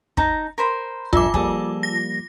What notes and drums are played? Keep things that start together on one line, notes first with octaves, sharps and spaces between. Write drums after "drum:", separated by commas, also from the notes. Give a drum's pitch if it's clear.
D#4 A5 A#5, drum: kick
A#4 C5 B5
A#1 G2 F4 A4 E5 G#5 D6, drum: kick
F3 G3 A#3 G#4 A4 D5, drum: kick
A#6